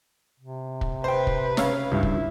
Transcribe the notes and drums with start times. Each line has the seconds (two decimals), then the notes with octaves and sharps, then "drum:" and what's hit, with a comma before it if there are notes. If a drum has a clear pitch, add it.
0.40 C3
0.81 drum: kick
1.04 B4 C5 G5
1.27 drum: kick
1.57 C#3 C#5 F5, drum: snare
1.92 C#2 G2 E4
2.03 drum: kick